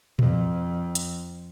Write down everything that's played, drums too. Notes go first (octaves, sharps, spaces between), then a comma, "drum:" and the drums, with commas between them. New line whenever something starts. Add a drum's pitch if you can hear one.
F2, drum: tom A#2
drum: hi-hat